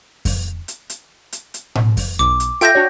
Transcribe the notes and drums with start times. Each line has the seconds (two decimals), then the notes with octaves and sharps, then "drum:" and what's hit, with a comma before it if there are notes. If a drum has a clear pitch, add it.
0.25 drum: kick F2, open hi-hat
0.68 drum: hi-hat
0.90 drum: hi-hat
1.32 drum: hi-hat
1.54 drum: hi-hat
1.75 drum: tom A2
1.97 drum: kick F2, open hi-hat
2.19 B1 D6
2.40 drum: hi-hat
2.61 F4 A4 E5 G5 G6 A#6, drum: hi-hat
2.75 D4 F#4 C#5